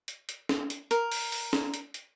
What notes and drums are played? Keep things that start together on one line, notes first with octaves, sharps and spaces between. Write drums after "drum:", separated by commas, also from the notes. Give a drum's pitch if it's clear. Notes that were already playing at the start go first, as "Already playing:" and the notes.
drum: hi-hat
drum: hi-hat
drum: snare
drum: hi-hat
A#4, drum: hi-hat
drum: open hi-hat
drum: open hi-hat
drum: snare
drum: hi-hat
drum: hi-hat